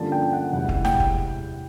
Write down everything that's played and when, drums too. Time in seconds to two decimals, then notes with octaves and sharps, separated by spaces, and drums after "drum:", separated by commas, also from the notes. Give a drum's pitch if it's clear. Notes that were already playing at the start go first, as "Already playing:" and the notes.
Already playing: G2 D3 F3 A#3 C#4 A5
0.12 G5
0.33 F#5
0.53 E2 C3 E3 G#3 F#5
0.69 F#5, drum: kick
0.85 G5, drum: snare
1.00 drum: kick